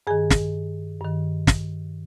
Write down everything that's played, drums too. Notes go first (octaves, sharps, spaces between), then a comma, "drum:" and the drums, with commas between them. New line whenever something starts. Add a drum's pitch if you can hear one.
G2 D#3 G#4 G#5
drum: snare
G2 D#3
drum: snare